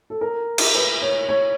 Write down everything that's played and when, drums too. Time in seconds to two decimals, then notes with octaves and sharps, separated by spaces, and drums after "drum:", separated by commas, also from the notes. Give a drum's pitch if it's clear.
0.10 A4
0.21 A#4
0.58 drum: cymbal
0.75 B4
1.02 C#5
1.29 C#5